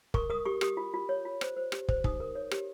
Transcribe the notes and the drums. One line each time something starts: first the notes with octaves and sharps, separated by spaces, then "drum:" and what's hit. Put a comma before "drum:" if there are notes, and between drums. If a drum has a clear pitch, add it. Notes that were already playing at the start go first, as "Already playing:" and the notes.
A#4 C#6, drum: kick
A#4 D#6
G4 C#6
G4 D#6, drum: rim click
F4
F4
C#5
F4
C5, drum: rim click
C5
G4, drum: rim click
C5, drum: kick
D#4 D#6, drum: kick
A#4
C#5
G4, drum: rim click